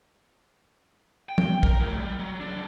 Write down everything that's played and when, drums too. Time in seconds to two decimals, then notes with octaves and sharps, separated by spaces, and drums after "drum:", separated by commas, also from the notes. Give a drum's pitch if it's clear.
1.29 G5
1.38 drum: tom
1.63 A#4, drum: kick
1.80 A2 F#3
1.99 G3
2.19 F#3
2.40 C#2 D4